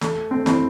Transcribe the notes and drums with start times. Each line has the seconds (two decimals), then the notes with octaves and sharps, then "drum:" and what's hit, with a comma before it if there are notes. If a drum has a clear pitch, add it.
0.01 A3, drum: snare
0.31 A3 C4
0.46 C4 E4, drum: snare